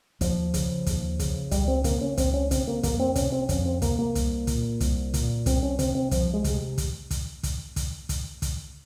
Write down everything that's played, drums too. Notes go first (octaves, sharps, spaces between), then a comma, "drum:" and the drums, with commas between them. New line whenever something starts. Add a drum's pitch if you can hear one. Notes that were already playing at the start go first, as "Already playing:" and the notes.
D#2 F3, drum: kick, hi-hat
C#3, drum: kick, hi-hat
D#2, drum: kick, hi-hat
C#3, drum: kick, hi-hat
C#2 G3, drum: kick, hi-hat
C4
C#3 A#3, drum: kick, hi-hat
C#4
C#2 C4, drum: kick, hi-hat
C#4
C#3 C4, drum: kick, hi-hat
A#3
F2 A#3, drum: kick, hi-hat
C4
C3 C#4, drum: kick, hi-hat
C4
F2 C#4, drum: kick, hi-hat
C4
C3 A#3, drum: kick, hi-hat
A#3
C2, drum: kick, hi-hat
A#2, drum: kick, hi-hat
C2, drum: kick, hi-hat
A#2, drum: kick, hi-hat
C2 C4, drum: kick, hi-hat
C#4
C3 C4, drum: kick, hi-hat
C4
C2 F3, drum: kick, hi-hat
G#3
C3, drum: kick, hi-hat
G#3
drum: kick, hi-hat
drum: kick, hi-hat
drum: kick, hi-hat
drum: kick, hi-hat
drum: kick, hi-hat
drum: kick, hi-hat